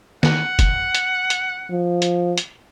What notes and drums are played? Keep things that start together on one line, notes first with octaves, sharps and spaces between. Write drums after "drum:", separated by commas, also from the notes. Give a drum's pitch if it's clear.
F#5, drum: snare D#3
drum: kick, hi-hat
drum: hi-hat
drum: hi-hat
F3
drum: hi-hat
drum: hi-hat